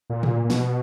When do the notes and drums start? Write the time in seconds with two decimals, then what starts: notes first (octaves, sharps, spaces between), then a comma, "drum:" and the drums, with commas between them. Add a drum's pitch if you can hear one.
0.10 A#2
0.23 drum: tom
0.45 A#2
0.50 B2, drum: snare